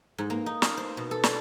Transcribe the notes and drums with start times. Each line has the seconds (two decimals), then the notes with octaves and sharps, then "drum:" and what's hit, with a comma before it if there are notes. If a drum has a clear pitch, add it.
0.18 G#2
0.30 A#3
0.46 D#4
0.62 F5, drum: snare
0.77 C5
0.97 B2
1.11 A4
1.23 D5, drum: snare